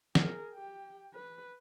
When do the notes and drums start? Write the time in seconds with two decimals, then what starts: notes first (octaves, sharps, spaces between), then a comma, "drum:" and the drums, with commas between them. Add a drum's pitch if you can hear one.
0.15 G#4 A#4, drum: snare
0.54 G4 G5
1.14 B4